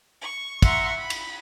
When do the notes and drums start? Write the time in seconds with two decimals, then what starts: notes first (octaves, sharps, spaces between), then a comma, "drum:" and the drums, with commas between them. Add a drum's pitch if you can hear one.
0.22 C#6
0.62 E5 F#5 A#5 C6 C#6, drum: kick, cymbal
0.97 B5
1.10 drum: cymbal